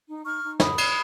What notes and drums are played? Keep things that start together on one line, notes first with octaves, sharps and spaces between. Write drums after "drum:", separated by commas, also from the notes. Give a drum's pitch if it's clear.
D#4
D#4 C#6 F6
D#4
C#5 B5 D#6, drum: snare
C#5, drum: cymbal